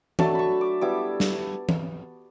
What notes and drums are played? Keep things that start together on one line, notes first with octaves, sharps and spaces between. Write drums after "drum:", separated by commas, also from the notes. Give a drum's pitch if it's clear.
F#3 A3 D4 A5, drum: tom E3
B5 C#6
D6
G3 B3 E4 D6
drum: snare
drum: tom E3